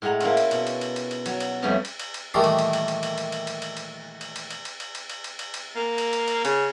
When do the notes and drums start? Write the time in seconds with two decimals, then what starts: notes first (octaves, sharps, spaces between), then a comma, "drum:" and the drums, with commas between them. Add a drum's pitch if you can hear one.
0.02 A2 G#3 A4 F#5 A#5
0.21 A#3 C#4 E4 F4, drum: cymbal
0.37 drum: cymbal
0.51 B2, drum: cymbal
0.67 drum: cymbal
0.81 drum: cymbal
0.96 drum: cymbal
1.11 drum: cymbal
1.26 F#3, drum: cymbal
1.40 drum: cymbal
1.62 F2 G3 A3 B3 C#4 D#5
1.85 drum: cymbal
1.99 drum: cymbal
2.14 drum: cymbal
2.34 A#2 D#3 E3 G3 A3 A#3
2.44 drum: cymbal
2.59 drum: cymbal
2.73 drum: cymbal
2.88 drum: cymbal
3.03 drum: cymbal
3.18 drum: cymbal
3.32 drum: cymbal
3.47 drum: cymbal
3.62 drum: cymbal
3.77 drum: cymbal
4.21 drum: cymbal
4.36 drum: cymbal
4.50 drum: cymbal
4.65 drum: cymbal
4.80 drum: cymbal
4.95 drum: cymbal
5.10 drum: cymbal
5.24 drum: cymbal
5.39 drum: cymbal
5.54 drum: cymbal
5.76 A#3
5.98 drum: cymbal
6.13 drum: cymbal
6.28 drum: cymbal
6.45 C#3, drum: cymbal